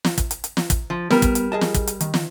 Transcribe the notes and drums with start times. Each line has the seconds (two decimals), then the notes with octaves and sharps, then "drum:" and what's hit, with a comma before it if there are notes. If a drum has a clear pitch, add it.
0.04 drum: snare
0.18 drum: kick, hi-hat
0.31 drum: hi-hat
0.44 drum: hi-hat
0.57 drum: snare
0.70 drum: kick, hi-hat
0.90 F3
1.10 G3 B3 A#4, drum: snare
1.22 drum: kick, hi-hat
1.35 drum: hi-hat
1.52 G#4 D#5 A5
1.61 drum: snare
1.74 drum: kick, hi-hat
1.87 drum: hi-hat
2.01 D#3, drum: hi-hat
2.14 drum: snare